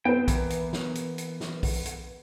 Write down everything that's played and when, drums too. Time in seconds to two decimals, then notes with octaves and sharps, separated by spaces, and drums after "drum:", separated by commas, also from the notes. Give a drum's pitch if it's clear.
0.05 B3 C4 B4 C5 G5
0.28 E3 A#3, drum: kick, hi-hat
0.50 drum: hi-hat
0.73 drum: snare
0.95 drum: hi-hat
1.18 drum: hi-hat
1.40 drum: snare
1.63 drum: kick, open hi-hat
1.86 drum: hi-hat